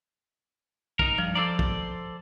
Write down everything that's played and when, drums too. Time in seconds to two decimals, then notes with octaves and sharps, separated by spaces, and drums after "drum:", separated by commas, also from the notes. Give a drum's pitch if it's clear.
0.99 D#4 A#4, drum: kick
1.18 G2 F3 F6
1.35 A4 C5 D5 A#5 D6 E6
1.59 drum: kick